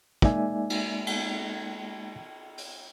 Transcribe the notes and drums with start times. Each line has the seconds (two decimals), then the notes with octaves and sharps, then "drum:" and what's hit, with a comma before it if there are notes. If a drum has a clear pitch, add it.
0.22 G#3 A#3 D#4 D5 E5 G#5, drum: kick
0.70 drum: cymbal
1.07 drum: cymbal
2.58 drum: open hi-hat